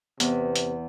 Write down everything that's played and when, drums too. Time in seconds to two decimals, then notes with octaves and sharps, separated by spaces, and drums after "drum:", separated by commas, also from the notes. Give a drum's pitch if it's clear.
0.20 E2 C3 B3 B4, drum: hi-hat
0.56 drum: hi-hat